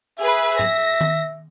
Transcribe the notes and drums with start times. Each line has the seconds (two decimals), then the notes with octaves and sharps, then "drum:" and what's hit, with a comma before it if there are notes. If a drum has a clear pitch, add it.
0.20 G#4 B4 E5
0.59 A#6, drum: tom G#2
1.01 drum: tom D#3